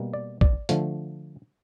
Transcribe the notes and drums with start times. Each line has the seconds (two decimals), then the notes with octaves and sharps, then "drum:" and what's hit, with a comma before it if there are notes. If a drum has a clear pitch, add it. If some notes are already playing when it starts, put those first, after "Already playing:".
Already playing: B2 G3 A#3
0.13 D5
0.41 D5, drum: kick
0.69 D3 F3 A3, drum: hi-hat